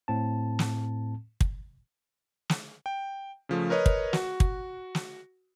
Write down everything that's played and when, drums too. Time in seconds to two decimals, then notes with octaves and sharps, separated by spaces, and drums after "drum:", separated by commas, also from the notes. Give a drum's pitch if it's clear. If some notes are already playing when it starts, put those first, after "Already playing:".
0.08 A2 C4 A5
0.59 drum: snare
1.41 drum: kick
2.49 drum: snare
2.86 G5
3.49 C#3 F3 A3
3.70 A#4 B4 C#5 D#5
3.86 drum: kick
4.13 F#4, drum: snare
4.40 drum: kick
4.95 drum: snare